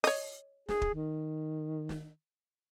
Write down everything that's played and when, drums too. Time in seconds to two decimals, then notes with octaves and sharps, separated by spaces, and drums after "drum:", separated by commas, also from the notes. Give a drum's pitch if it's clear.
0.04 C#5 D#5, drum: open hi-hat
0.69 G#4, drum: snare
0.82 drum: kick
0.94 D#3
1.89 drum: snare